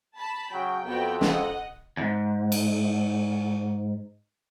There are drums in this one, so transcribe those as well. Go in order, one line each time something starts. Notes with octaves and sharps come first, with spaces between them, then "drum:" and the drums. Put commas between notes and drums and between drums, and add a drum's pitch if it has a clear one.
A5 B5
C#3 F#3 G5
F2 B3 F#4 G5
D#5 F#5, drum: snare
E2 G#2
drum: cymbal